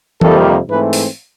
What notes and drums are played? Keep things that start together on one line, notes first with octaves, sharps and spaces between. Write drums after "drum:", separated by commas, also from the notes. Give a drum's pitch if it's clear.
F2 C3 D#3 G3 A#3 A4, drum: tom E3
G#2 E3 A3 C4 B4
drum: open hi-hat